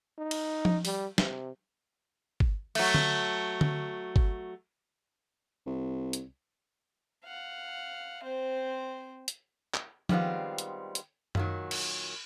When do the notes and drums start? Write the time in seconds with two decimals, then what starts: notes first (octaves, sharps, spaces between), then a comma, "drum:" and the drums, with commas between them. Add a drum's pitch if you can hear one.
0.18 D#4
0.31 drum: cymbal
0.65 drum: tom F3
0.85 G3, drum: open hi-hat
1.18 C3, drum: snare
2.40 drum: kick G1
2.75 F#3 A3, drum: cymbal
2.94 drum: tom D3
3.61 drum: tom D3
4.16 drum: kick G1
5.66 C2
6.13 drum: hi-hat
7.25 F5 F#5
8.23 C4 C5
9.28 drum: hi-hat
9.74 drum: clap
10.09 D#3 G3 G#3 B3 C4 F4, drum: tom F3
10.58 drum: hi-hat
10.95 drum: hi-hat
11.35 A#2 D#3 F#3, drum: tom F#2
11.71 drum: cymbal